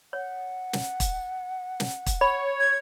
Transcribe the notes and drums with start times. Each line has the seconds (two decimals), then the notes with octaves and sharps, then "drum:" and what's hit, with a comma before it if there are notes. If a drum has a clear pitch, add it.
0.13 C#5 F#5
0.73 drum: snare
1.00 drum: kick, hi-hat
1.80 drum: snare
2.06 drum: kick, hi-hat
2.21 C#5 B5
2.60 G#6